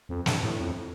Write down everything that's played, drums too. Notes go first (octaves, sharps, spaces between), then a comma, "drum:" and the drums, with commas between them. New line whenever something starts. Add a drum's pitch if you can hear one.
F2
G2, drum: snare
A2
F2